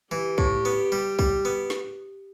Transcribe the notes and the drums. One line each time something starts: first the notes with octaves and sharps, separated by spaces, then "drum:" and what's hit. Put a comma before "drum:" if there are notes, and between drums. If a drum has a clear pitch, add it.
E3 G4
A2, drum: kick
B3
G3
G3, drum: kick
B3
drum: snare